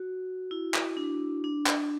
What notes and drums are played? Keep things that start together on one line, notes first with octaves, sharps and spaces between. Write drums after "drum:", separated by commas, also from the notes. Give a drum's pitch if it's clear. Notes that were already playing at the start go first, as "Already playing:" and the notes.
Already playing: F#4
E4
drum: clap
D4
D4
drum: clap